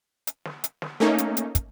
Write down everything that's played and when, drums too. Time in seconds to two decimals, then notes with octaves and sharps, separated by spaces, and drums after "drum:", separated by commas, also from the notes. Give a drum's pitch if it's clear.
0.27 drum: hi-hat
0.45 drum: snare
0.64 drum: hi-hat
0.82 drum: snare
1.00 A3 A#3 C#4 D#4
1.18 drum: hi-hat
1.37 drum: hi-hat
1.55 drum: kick, hi-hat